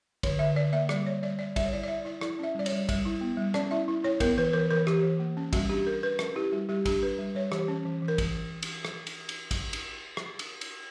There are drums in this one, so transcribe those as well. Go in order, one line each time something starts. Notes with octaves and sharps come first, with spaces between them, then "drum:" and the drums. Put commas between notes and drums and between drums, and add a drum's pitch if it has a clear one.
D3 C#5, drum: kick, cymbal
D3 E5
D3 D5
A#3 E5
G3 D5, drum: rim click
G3 C#5
G3 D5
G3 D5
G3 E5, drum: kick, cymbal
C#5
E4 D5
D5
E4 E5
E4 D5
E4 D5, drum: rim click
C#4 E5
G3 D5
C#5, drum: cymbal
G3
G3, drum: kick, cymbal
E4
B3
G3
C#4 D5, drum: rim click
E4 E5
E4
E4 C#5
B3 A#4, drum: kick, cymbal
E3 B4
E3 A#4
E3 A#4
E3 G4, drum: rim click
E3
A#3
C#4
G3 F#4, drum: kick, cymbal
D4 G4
D4 A#4
D4 B4
C#4 A#4, drum: rim click
E4 G4
G3 F#4
G3 G4
D4 G4, drum: kick, cymbal
D4 B4
G3
G3 C#5
E3 G4, drum: rim click
C#4
E3
E3
A#4
drum: kick, cymbal
drum: cymbal
drum: rim click
drum: cymbal
drum: cymbal
drum: kick, cymbal
drum: cymbal
drum: rim click
drum: cymbal
drum: cymbal